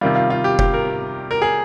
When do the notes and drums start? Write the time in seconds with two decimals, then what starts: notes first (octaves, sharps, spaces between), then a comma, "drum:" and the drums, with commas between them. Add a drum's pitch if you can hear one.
0.01 C3 D#3 G3 F4
0.16 F4
0.30 F4
0.44 G4
0.59 G4, drum: kick F1
0.74 A#4
1.31 A#4
1.42 G#4